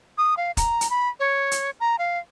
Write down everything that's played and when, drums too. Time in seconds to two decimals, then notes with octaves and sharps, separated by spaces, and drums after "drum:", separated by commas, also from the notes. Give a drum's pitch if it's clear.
0.18 D#6
0.37 F5
0.57 A#5, drum: kick, hi-hat
0.81 drum: hi-hat
0.90 B5
1.20 C#5
1.51 drum: hi-hat
1.80 A#5
1.99 F5